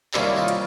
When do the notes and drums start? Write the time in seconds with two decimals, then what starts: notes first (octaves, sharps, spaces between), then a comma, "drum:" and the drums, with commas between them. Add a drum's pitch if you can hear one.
0.14 C3 D#3 G3 A#3 C#4 D4 E4, drum: clap
0.36 D#4 F4
0.48 drum: hi-hat